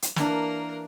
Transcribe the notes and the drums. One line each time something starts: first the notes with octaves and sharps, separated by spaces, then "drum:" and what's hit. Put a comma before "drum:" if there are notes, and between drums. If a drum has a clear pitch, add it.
drum: hi-hat
E3 A#3 D4 A#4, drum: snare